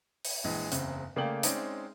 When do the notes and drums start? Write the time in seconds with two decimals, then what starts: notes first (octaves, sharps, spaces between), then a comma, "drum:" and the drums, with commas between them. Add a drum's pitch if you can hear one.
0.25 drum: open hi-hat
0.44 A#1 E3 G#3
0.72 F#1 E2 C#3 C4, drum: hi-hat
1.16 C#3 A3 A#3 D5 G5 F#7
1.43 G#3 C4 C#4 D#4 D5, drum: hi-hat